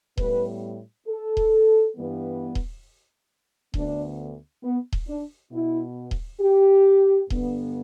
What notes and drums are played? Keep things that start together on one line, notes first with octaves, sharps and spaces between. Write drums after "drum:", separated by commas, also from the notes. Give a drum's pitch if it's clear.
A2 G3 B3 B4, drum: kick D#1
A4
drum: kick D#1
G2 E3 G3 B3
drum: kick D#1
D2 D3 B3 D4, drum: kick D#1
B3
drum: kick D#1
D4
B2 B3 E4
drum: kick D#1
G4
G2 D3 B3, drum: kick D#1